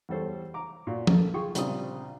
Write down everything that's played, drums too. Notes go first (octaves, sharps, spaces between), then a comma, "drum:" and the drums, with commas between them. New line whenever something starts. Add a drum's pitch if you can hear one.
E2 G3 A4 C5 C#5
A#5 D6
A#2 F#4
A#3 A4, drum: tom
F4 G#4 G5 C#6
A#1 C#3 G3 C4 F4 D#6, drum: hi-hat